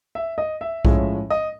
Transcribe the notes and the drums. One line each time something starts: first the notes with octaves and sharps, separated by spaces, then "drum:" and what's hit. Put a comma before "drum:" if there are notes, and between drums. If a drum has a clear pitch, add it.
E5
D#5
E5
A2 F3 G#3 C#4, drum: kick B1
D#5